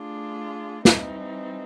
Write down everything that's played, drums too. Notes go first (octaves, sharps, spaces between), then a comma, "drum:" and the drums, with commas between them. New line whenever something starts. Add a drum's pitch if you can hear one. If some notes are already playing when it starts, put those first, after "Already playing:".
Already playing: A3 D4 F4 G#4
E3 G3 C4 D#4, drum: snare